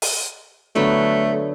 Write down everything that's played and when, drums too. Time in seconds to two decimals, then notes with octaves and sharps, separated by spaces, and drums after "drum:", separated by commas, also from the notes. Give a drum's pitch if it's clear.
0.02 drum: open hi-hat
0.75 D3 F#3 A3 B3